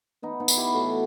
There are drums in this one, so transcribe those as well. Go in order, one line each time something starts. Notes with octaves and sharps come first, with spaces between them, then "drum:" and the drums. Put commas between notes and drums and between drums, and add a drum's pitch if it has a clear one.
E3 B3 D#4
B3 D#4
E3, drum: tambourine
E4 G4
A2 F#4 A4